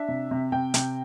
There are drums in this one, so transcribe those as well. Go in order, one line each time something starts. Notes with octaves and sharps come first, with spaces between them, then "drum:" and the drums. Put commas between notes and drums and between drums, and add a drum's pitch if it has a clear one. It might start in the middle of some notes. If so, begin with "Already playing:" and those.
Already playing: D4 E5
C3
C3
C3 G5
C3, drum: hi-hat